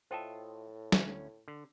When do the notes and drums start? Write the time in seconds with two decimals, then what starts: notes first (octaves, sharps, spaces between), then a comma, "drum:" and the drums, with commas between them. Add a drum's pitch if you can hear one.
0.11 A2 F4 C5 D#5 E5 G5 A5
0.92 D2 C#4, drum: snare
1.48 D3